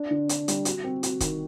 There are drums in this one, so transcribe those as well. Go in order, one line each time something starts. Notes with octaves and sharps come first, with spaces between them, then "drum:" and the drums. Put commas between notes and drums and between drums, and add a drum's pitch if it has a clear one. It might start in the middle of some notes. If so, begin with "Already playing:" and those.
Already playing: D4
D3
D4, drum: hi-hat
G3, drum: hi-hat
F#4, drum: hi-hat
C4
F#4, drum: hi-hat
D#3, drum: kick, hi-hat